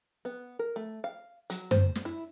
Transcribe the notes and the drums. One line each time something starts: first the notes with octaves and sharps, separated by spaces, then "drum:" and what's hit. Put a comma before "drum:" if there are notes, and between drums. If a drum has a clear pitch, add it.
B3
A#4
A3
F5
F#3, drum: hi-hat
C5, drum: tom F#2
drum: snare
E4